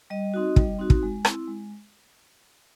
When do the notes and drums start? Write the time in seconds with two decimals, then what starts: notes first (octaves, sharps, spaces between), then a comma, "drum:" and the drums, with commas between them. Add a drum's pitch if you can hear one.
0.10 G3 D#5
0.34 C4 D#4 F#4
0.56 G3, drum: kick
0.79 C4 D#4 F#4
0.90 drum: kick
1.03 G#3
1.25 C4 E4, drum: rim click
1.47 G#3